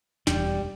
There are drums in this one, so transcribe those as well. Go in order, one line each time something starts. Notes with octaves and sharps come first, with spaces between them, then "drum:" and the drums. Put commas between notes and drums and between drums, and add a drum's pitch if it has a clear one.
E1 G3, drum: snare